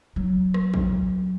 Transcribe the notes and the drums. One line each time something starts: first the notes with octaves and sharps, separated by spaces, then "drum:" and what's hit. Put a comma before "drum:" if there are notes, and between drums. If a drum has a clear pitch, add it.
F#3
drum: rim click
drum: kick